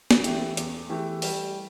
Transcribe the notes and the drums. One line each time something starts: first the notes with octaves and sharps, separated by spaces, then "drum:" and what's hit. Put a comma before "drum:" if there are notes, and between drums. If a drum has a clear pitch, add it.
drum: snare
E3 A3 G4, drum: hi-hat
E2, drum: hi-hat
E3 A3 G4
G3, drum: open hi-hat